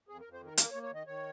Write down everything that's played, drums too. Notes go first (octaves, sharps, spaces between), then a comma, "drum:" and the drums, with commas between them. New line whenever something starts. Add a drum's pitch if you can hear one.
F2 G#4
A#4
F2
C5
D#3
A#4
A#3 A#4, drum: hi-hat
C#5
A#3
C#5
D#3 D#5
D#3 C#5